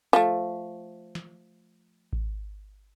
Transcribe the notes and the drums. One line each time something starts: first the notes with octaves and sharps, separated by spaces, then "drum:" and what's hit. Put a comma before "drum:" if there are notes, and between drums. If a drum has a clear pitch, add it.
F3 A3, drum: tambourine
drum: snare
drum: kick G#1